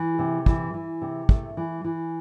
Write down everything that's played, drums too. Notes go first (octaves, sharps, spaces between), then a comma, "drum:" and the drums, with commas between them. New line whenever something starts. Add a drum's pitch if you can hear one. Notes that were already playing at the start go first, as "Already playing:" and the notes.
Already playing: E3
C3
E3, drum: kick
E3
C3
A3, drum: kick
E3
E3